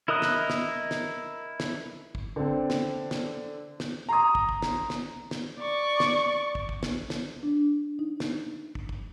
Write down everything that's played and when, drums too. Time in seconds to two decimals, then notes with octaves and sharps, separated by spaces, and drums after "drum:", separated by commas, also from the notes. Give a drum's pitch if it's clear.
0.08 E4 A#4 D#5 D#6 F#6
0.22 drum: snare
0.50 drum: snare
0.91 drum: snare
1.60 drum: snare
2.15 drum: kick
2.36 D3 C4
2.70 drum: snare
3.11 drum: snare
3.80 drum: snare
4.09 A#5 C6 D#6
4.35 drum: kick
4.49 drum: kick
4.62 drum: snare
4.90 drum: snare
5.31 drum: snare
5.59 D5 C#6
6.00 drum: snare
6.55 drum: kick
6.69 drum: kick
6.83 drum: snare
7.10 drum: snare
7.43 D4
7.99 D#4
8.20 drum: snare
8.75 drum: kick
8.89 drum: kick